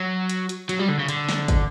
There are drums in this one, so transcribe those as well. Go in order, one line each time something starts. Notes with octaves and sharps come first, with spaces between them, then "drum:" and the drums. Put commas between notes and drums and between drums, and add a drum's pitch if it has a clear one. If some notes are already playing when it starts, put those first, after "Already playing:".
Already playing: F#3
drum: hi-hat
drum: hi-hat
F#3, drum: hi-hat
G3
D3
C#3
D3, drum: hi-hat
drum: snare
drum: kick, hi-hat